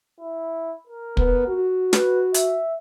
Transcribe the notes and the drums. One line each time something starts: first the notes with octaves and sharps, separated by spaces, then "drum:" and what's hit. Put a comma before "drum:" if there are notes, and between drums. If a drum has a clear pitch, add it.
E4
A#4
B3, drum: kick
F#4
B4, drum: snare
E5, drum: hi-hat